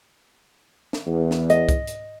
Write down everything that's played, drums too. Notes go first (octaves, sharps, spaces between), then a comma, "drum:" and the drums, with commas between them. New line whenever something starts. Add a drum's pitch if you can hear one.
drum: snare
E2
drum: snare
D#5, drum: hi-hat
drum: kick C2, hi-hat
drum: hi-hat